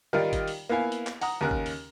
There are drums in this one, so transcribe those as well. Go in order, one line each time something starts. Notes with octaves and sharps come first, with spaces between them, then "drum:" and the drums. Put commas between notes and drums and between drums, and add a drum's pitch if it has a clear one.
D#3 G3 D#4 F4 A#4 D5
drum: kick G#1, hi-hat
drum: open hi-hat
A#3 B3 E4 F5 G#5
drum: hi-hat
drum: clap
F#5 A#5 D#6, drum: open hi-hat
D#2 C#3 A#4 G#5 F#6
drum: kick G#1
drum: open hi-hat